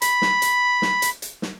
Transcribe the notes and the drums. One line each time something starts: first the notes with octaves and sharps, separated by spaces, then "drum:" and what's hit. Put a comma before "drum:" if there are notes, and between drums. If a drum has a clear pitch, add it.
B5, drum: hi-hat
drum: snare
drum: hi-hat
drum: snare
drum: hi-hat
drum: hi-hat
drum: snare